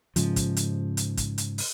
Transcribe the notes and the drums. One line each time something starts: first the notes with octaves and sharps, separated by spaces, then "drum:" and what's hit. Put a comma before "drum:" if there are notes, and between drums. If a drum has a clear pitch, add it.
G#2 C#3 F3, drum: hi-hat
drum: kick, hi-hat
drum: hi-hat
drum: hi-hat
drum: kick, hi-hat
drum: hi-hat
drum: open hi-hat